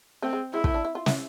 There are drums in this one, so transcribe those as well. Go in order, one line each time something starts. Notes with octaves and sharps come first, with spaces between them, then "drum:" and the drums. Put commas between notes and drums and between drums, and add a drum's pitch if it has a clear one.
A3 C4
G#3
G#3 E4
A3, drum: kick
D4
E4
F4
E4, drum: snare